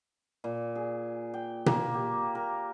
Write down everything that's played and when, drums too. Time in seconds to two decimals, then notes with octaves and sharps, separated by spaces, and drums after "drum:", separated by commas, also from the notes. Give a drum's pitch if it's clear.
0.44 A#2
0.75 G#4
1.34 G5
1.66 A#3, drum: tom B2
1.94 G4
2.35 A#4